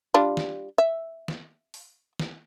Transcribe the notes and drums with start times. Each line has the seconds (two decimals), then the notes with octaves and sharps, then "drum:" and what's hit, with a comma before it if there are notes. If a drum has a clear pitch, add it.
0.14 G3 D4 F4
0.37 drum: snare
0.78 E5
1.28 drum: snare
1.74 drum: open hi-hat
2.19 drum: snare